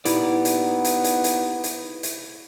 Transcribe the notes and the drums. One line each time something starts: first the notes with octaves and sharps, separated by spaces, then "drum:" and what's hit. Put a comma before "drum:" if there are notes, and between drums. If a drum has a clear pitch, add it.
B3 D#4 E4 G4 D5, drum: hi-hat
drum: hi-hat
drum: hi-hat
drum: hi-hat
drum: hi-hat
drum: hi-hat
drum: hi-hat